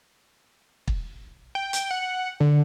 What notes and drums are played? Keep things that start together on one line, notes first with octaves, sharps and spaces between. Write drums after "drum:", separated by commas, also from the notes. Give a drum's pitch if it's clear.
drum: kick
G5
drum: hi-hat
F#5
D3